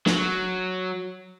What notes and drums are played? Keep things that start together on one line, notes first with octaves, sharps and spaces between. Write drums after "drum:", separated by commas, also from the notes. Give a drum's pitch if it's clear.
F#3, drum: snare